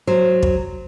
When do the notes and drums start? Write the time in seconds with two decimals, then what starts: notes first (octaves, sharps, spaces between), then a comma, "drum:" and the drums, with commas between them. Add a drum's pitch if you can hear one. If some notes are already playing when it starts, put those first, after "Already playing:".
0.07 F#3 C5
0.43 drum: kick